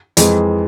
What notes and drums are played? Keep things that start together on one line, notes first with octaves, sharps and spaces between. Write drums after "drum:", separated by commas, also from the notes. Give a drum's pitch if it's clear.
F2 E3 G#3, drum: hi-hat